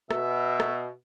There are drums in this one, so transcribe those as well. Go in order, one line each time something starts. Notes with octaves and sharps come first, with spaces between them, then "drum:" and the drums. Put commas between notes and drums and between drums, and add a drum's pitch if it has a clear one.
B2 E5, drum: rim click
drum: rim click